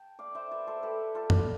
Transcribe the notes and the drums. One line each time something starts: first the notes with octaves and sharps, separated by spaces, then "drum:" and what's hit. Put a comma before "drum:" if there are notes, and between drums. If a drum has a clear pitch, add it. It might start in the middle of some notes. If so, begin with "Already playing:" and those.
Already playing: G5 A5
D5 F5
C5 E5
B4 D5
A4 C5
G4 B4
F4 A4
D4 F4, drum: tom F#2